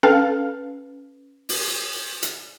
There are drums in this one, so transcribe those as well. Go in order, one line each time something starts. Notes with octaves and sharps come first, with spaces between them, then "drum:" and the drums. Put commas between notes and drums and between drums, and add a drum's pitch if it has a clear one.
C#4 A4 B4 F5
drum: open hi-hat
drum: hi-hat